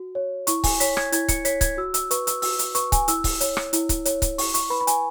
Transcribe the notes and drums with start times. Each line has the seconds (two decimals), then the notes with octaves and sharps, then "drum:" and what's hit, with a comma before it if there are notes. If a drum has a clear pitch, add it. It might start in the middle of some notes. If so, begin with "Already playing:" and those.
Already playing: F#4
0.15 C#5
0.47 E4 C#6, drum: hi-hat
0.64 G#5, drum: kick C#1, open hi-hat
0.80 C#5 B6, drum: hi-hat
0.97 G#6, drum: rim click
1.12 E4 G#6, drum: hi-hat
1.28 C#7, drum: kick C#1, hi-hat
1.45 C#5 B6, drum: hi-hat
1.61 G#6, drum: kick C#1, hi-hat
1.77 F#4 E6
1.94 E6, drum: hi-hat
2.11 B4 C#6, drum: hi-hat
2.27 E6, drum: hi-hat
2.42 F#4 E6, drum: open hi-hat
2.59 drum: hi-hat
2.75 B4 C#6, drum: hi-hat
2.92 G#5, drum: kick C#1, hi-hat
3.08 E4 E6, drum: hi-hat
3.24 drum: kick C#1, open hi-hat
3.40 C#5, drum: hi-hat
3.57 drum: rim click
3.73 E4, drum: hi-hat
3.89 drum: kick C#1, hi-hat
4.05 C#5, drum: hi-hat
4.22 drum: kick C#1, hi-hat
4.38 E4 C#6, drum: open hi-hat
4.54 C#6, drum: hi-hat
4.70 B4 B5
4.81 B5
4.87 G#5, drum: hi-hat